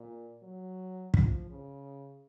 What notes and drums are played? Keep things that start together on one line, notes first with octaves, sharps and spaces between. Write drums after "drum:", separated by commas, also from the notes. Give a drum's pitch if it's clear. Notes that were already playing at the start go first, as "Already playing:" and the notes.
Already playing: A#2
F#3
F3, drum: kick
C#3